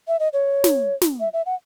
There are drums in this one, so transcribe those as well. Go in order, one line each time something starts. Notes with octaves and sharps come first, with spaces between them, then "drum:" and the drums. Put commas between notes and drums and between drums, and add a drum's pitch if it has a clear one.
E5
D#5
C#5
drum: snare
drum: snare
E5
E5
F#5